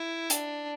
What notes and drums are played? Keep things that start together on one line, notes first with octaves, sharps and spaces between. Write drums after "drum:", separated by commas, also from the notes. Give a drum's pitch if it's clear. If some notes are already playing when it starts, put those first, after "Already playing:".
Already playing: E4
D4, drum: hi-hat